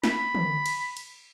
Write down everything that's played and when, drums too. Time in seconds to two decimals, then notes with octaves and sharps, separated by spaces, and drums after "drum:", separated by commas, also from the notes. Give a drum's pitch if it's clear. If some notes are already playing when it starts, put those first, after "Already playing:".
0.04 B5, drum: snare
0.35 drum: tom
0.66 drum: cymbal
0.97 drum: cymbal